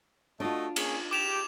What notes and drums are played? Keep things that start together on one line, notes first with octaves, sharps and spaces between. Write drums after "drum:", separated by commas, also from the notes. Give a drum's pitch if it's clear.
A3 D4 F4 F#4 D#5
A#3 C#4 G#4, drum: cymbal
G4 D6 E7 F7